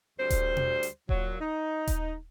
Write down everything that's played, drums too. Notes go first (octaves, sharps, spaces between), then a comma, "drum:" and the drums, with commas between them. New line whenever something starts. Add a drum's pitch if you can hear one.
D2 G3 C5
drum: kick D#1, hi-hat
drum: tom B2
drum: hi-hat
A#2 F#3, drum: kick D#1
D#4
drum: kick D#1, hi-hat